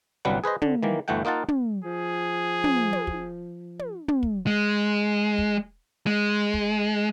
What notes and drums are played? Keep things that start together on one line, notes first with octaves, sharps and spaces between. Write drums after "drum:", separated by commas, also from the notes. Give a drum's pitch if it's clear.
G1 C2 F#3 G3 B4 F#5
G#4 B4 C5 D#5
D3, drum: tom
D#3 E3 A#3
G1 D2 E3 A3 F#5 G5
A#3 D#4 F4 F#5 A5
drum: tom
F3 G#4
drum: tom
drum: tom
drum: kick
drum: tom
drum: tom
drum: kick
G#3
drum: kick
G#3
drum: kick